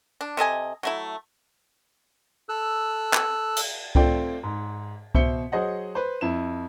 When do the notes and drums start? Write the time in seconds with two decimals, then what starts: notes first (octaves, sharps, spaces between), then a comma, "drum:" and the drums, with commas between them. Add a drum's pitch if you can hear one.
0.21 D4
0.37 C3 A4 D#5 G#5
0.83 F#3 A3 E4
2.49 A4 E6 F#6
3.14 drum: clap
3.56 drum: cymbal
3.95 A3 C4 F4 D5 G5, drum: kick C2
4.43 G#2
5.15 B2 C5 E5 C#7 G7, drum: kick C2
5.52 F#3 G#4 C5 D#5 F#5
5.95 B4 C5
6.21 F2 E4 E7